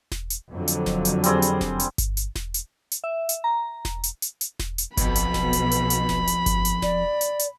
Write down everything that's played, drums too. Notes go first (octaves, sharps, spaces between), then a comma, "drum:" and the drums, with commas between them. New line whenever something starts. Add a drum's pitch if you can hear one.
drum: snare E1
drum: hi-hat
F2 D3 F#3
drum: hi-hat
drum: snare E1
drum: hi-hat
G3 C4 G#4, drum: hi-hat
drum: hi-hat
drum: snare E1
drum: hi-hat
drum: kick G1, hi-hat
drum: hi-hat
drum: snare E1
drum: hi-hat
drum: hi-hat
E5
drum: hi-hat
A#5
drum: snare E1
drum: hi-hat
drum: hi-hat
drum: hi-hat
drum: snare E1
drum: hi-hat
B1 F2 B2 B5, drum: kick G1, hi-hat
drum: hi-hat
drum: snare E1
drum: hi-hat
drum: hi-hat
drum: hi-hat
drum: snare E1
drum: hi-hat
drum: kick G1, hi-hat
drum: hi-hat
D5, drum: snare E1
drum: hi-hat
drum: hi-hat